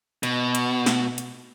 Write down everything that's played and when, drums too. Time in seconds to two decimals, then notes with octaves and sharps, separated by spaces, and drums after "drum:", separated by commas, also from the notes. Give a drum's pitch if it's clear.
0.23 B2, drum: hi-hat
0.55 drum: hi-hat
0.86 drum: snare
1.18 drum: hi-hat